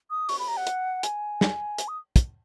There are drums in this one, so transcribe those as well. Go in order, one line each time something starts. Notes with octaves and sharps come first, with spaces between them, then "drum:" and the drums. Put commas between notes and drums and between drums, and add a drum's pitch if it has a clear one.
D#6
C#6, drum: open hi-hat
B5
A#5
F#5
drum: hi-hat
G#5, drum: hi-hat
drum: snare
drum: hi-hat
D#6
drum: kick, hi-hat